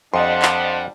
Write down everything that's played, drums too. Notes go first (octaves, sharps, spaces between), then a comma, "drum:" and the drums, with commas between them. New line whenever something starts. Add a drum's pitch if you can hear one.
F2 F3 G3 D4 D#5 F#5 C6
drum: clap